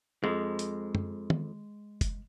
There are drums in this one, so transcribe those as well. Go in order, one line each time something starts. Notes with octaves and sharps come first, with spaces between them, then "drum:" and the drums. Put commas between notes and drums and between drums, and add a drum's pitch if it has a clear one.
F2 G#3
drum: hi-hat
drum: tom
drum: tom D#3
drum: kick, hi-hat